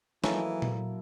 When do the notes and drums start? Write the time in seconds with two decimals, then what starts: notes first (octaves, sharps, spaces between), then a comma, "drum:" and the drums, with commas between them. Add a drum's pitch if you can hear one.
0.24 E3 F#3 A3 A#3 C#4 D#4 E4 A4, drum: snare
0.62 drum: tom A#2